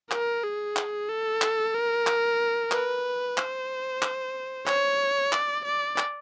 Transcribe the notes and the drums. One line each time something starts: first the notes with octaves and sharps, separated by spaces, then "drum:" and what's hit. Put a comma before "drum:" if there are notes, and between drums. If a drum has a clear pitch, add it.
A#4, drum: clap
G#4
drum: clap
A4
drum: clap
A#4
drum: clap
B4, drum: clap
C5, drum: clap
drum: clap
C#5, drum: clap
D5, drum: clap
D5
drum: clap